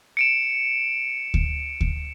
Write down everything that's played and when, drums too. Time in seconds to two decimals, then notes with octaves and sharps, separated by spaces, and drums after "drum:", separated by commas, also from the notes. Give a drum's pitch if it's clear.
0.17 C#7 D7 E7
1.34 drum: kick D2
1.81 drum: kick D2